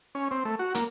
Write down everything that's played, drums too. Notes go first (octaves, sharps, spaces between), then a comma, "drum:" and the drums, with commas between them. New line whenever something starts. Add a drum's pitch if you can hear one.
C#4
C4
A3
F#4
A#3, drum: hi-hat